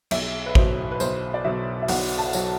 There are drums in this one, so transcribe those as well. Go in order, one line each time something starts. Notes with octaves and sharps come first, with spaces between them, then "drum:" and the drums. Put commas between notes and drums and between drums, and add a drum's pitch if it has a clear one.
B1 E5, drum: cymbal
B4
B2 F#3 C5, drum: kick A1
B4
B1 C5, drum: tambourine
D5
B2 F#3 E5
E5
B1 F#5, drum: open hi-hat
A5
B2 F#3, drum: tambourine